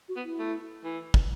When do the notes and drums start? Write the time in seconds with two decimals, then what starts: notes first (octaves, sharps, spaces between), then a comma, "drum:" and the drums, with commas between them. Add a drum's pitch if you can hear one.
0.09 F#4
0.16 B3
0.24 E4
0.39 A3
0.84 E3
1.14 drum: kick